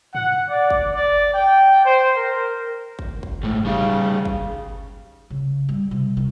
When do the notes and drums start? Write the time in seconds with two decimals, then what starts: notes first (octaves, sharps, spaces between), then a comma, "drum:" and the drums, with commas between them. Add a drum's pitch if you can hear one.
0.15 F#5, drum: tom
0.50 D5
0.70 drum: kick
0.96 D5
1.34 G5
1.85 C5
2.16 A#4
2.99 drum: kick
3.23 drum: kick
3.43 G#2 A3
3.65 C#3 G3 D#4
4.25 drum: kick
5.31 C#3
5.69 G3
5.91 C3
6.17 D#3